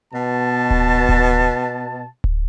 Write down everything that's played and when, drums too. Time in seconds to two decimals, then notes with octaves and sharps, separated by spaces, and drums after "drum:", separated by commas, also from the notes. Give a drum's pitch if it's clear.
0.13 B2 A5
0.70 drum: kick D1
1.09 drum: kick D1
2.24 drum: kick D1